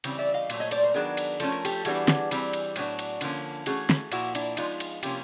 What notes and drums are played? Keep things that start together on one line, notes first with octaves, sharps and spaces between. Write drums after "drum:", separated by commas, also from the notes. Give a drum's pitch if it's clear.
C#3 E3 G3 C4, drum: cymbal
D5 E5
D#5 F5
A#2 F#3 A3, drum: cymbal
C#5 D#5
C5 D5, drum: cymbal
A#4 C5
D#3 F#3 B3 D4 G#4 A#4
drum: cymbal
F3 A3 C#4 A4, drum: cymbal
A#4
G4 A4, drum: cymbal
E3 G3 B3 D4 F#4 G#4, drum: cymbal
drum: snare
E3 G3 C4, drum: cymbal
drum: cymbal
A2 F#3 B3 D4, drum: cymbal
drum: cymbal
D3 F3 A#3 C#4, drum: cymbal
E3 A3 C#4 F#4 G#4, drum: cymbal
drum: snare
A#2 F3 A#3 E4 F#4, drum: cymbal
D4 E4, drum: cymbal
F3 G#3 B3 D#4 F4, drum: cymbal
drum: cymbal
C3 F3 A#3 C#4 F4 G4, drum: cymbal